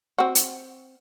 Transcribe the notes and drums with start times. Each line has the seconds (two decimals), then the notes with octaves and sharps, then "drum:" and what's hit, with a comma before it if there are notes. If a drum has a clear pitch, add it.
0.18 C4 F#4
0.35 drum: hi-hat